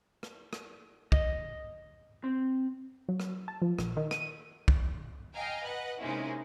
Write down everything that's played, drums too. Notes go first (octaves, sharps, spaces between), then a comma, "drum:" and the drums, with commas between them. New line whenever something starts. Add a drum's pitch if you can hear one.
drum: rim click
drum: rim click
D#5, drum: kick
C4
F#3
drum: rim click
A5
F3
A#1, drum: rim click
D#3
D#7, drum: rim click
drum: kick
D#5 F5 G5 G#5 A#5
B4 D#5 F#5
C3 G#3 A#3 C#4 D#4 E4